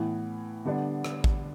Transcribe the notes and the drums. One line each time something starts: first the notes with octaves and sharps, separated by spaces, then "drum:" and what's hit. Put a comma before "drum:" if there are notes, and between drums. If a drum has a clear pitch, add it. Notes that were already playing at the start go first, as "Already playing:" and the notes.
Already playing: A2 E3 B3
D3 G3 B3 D4
drum: rim click
drum: kick A1